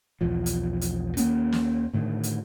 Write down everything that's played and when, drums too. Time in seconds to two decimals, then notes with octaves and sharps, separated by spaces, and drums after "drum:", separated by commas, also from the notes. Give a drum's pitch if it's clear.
0.21 B1 E2 F3
0.46 drum: hi-hat
0.81 drum: hi-hat
1.17 D#2 A#3 C#4, drum: hi-hat
1.52 drum: snare
1.94 A2 D3 D#3
2.23 drum: hi-hat